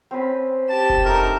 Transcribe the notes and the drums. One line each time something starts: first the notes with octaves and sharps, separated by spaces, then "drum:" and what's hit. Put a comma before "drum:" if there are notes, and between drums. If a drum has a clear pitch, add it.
C4 C#4 B4
G4 A5 E7
drum: kick F1
A3 D4 D#4 A#4